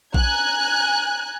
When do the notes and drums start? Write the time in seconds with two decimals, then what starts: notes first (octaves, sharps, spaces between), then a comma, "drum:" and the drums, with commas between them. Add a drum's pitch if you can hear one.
0.14 G#5 A#5 F#6 G#6, drum: kick A#1